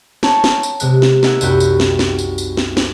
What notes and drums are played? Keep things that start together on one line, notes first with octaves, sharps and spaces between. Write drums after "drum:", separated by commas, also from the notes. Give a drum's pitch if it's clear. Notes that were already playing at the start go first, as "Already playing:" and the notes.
C#5 G5 A5 A#5 G6, drum: snare
drum: snare
drum: tambourine
C3 G#3 F#6, drum: tambourine
drum: snare
A#3 D#4 E5 F#5 G#5, drum: snare
C2 F#2 F#4 G5 B5 F#6, drum: tambourine
drum: tambourine
drum: snare
drum: snare
drum: tambourine
drum: tambourine
drum: snare
drum: snare